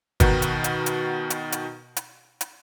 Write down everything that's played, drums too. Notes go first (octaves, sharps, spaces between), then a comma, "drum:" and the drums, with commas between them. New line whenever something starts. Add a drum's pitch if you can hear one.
B2 D#3 D#4 F#4 B4, drum: kick, hi-hat
drum: hi-hat
drum: hi-hat
drum: hi-hat
drum: hi-hat
drum: hi-hat
drum: hi-hat
drum: hi-hat